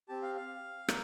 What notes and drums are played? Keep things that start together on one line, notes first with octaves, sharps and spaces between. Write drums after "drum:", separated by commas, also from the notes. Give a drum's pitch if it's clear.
C4 G4 A5
F5
F5
A#3, drum: rim click